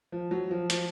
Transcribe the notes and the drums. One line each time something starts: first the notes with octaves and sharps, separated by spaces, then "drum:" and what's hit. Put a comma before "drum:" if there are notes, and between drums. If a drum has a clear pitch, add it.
F3
F#3
F3
F3, drum: hi-hat